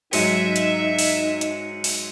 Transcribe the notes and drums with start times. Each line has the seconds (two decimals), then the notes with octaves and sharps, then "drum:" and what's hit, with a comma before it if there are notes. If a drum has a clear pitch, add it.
0.13 G#2 F#3 G#3 D#4 E5 C#7 D#7, drum: open hi-hat
0.56 drum: hi-hat
0.99 drum: open hi-hat
1.41 drum: hi-hat
1.84 drum: open hi-hat